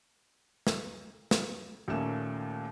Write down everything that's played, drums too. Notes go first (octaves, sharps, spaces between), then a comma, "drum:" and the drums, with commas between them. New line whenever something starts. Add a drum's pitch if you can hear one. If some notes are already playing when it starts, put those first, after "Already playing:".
drum: snare
drum: snare
D#2 A#2 A3 A#3 C#4 E7